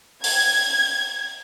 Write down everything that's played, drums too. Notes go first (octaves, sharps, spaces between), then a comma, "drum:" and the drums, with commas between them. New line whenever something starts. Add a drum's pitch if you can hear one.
G#6, drum: open hi-hat